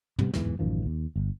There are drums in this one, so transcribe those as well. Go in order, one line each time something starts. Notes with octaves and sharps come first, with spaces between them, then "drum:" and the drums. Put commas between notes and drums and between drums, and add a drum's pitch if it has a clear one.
C3 G3 B3, drum: tom
D1 E2 G#2 E3, drum: snare
A1 F#2 D#3 F3
D#2
G1